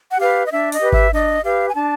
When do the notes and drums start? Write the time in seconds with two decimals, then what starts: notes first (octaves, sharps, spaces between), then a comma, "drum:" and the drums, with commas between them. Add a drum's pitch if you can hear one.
0.10 F#5
0.19 G4 B4 F5
0.45 D#5
0.52 D4 E5
0.72 D#5, drum: open hi-hat
0.82 G4 B4
0.93 E5, drum: kick G#1
1.13 D4 D#5
1.44 G4 B4 F5
1.68 G#5
1.75 D4 A5